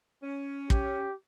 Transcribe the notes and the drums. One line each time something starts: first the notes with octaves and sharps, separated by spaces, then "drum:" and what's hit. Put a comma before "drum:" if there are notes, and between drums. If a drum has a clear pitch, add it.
C#4
G4, drum: kick